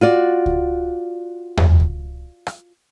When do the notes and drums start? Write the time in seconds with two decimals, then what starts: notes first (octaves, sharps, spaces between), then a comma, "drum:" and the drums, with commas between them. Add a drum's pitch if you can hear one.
0.01 F4 F#4 D5
0.46 drum: kick C#2
1.57 drum: tom E2
1.80 drum: kick C#2
2.47 drum: rim click